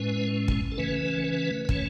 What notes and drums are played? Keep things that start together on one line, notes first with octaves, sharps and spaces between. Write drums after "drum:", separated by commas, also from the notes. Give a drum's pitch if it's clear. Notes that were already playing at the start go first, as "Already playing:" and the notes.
Already playing: A2 G#3 C#4 B4
drum: kick
A4
C#3 E3 A3 C#4 B4
B4
B4
E3 A3 C#4 C#5, drum: kick